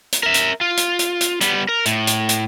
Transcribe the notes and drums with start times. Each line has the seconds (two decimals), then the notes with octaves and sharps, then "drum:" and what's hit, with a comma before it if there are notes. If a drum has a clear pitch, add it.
0.12 drum: hi-hat
0.23 A#4 E5
0.34 drum: hi-hat
0.61 F4
0.77 drum: hi-hat
0.99 drum: hi-hat
1.21 drum: hi-hat
1.41 G3 B3, drum: hi-hat
1.69 A#4
1.86 A2, drum: hi-hat
2.07 drum: hi-hat
2.29 drum: hi-hat